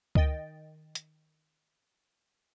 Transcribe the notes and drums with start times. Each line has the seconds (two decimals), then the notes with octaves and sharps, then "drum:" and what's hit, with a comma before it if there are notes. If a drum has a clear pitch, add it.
0.15 D#3 D#5 G5 A6, drum: kick C#2
0.95 drum: hi-hat